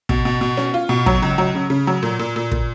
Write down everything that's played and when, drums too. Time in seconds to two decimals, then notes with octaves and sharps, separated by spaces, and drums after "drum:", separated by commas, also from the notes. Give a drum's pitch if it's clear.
0.09 B2, drum: kick
0.25 B2
0.41 B2
0.57 C#4, drum: snare B3
0.74 F4
0.89 B2
1.06 F#3, drum: kick
1.23 C#2
1.38 F#3
1.55 C#3
1.70 C#3
1.87 F#3
2.03 A#2
2.19 A#2
2.36 A#2
2.51 A#2, drum: kick